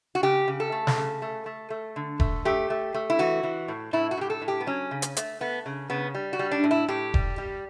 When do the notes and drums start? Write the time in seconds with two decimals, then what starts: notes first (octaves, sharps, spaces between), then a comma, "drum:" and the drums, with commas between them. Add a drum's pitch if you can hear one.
0.15 F#4
0.23 C#3 G4
0.48 C#3
0.60 A4
0.72 A3
0.87 drum: snare
0.98 C#3
1.22 A3
1.46 A3
1.70 A3
1.96 D3
2.20 A3, drum: kick E1
2.45 A3 G4
2.70 A3
2.94 A3
3.10 E4
3.19 E3 F#4
3.43 E3
3.68 A2
3.93 A2 E4
4.11 F#4
4.17 A2 G4
4.30 A4
4.42 A2
4.48 G4
4.60 B3
4.67 F#3 C#4
4.91 C#3
5.02 drum: hi-hat
5.17 A3, drum: hi-hat
5.41 A3 B3
5.66 C#3
5.90 C#3 B3
6.14 G3
6.33 F#4
6.39 G3
6.51 D4
6.64 A2
6.71 E4
6.88 A2 G4
7.14 G3, drum: kick E1
7.38 G3